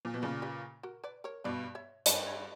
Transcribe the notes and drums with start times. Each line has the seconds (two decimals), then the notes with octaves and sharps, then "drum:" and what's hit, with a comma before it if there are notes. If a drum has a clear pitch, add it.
0.05 A#2
0.14 B2
0.22 A#2 C#3 B4 D5
0.42 G4 B4
0.83 F#4 A#4
1.04 B4 D5
1.24 A#4 C#5
1.44 G2 B2 B4 D5
1.75 C#5 E5
2.06 G2 B4 D5, drum: hi-hat
2.26 C#5 E5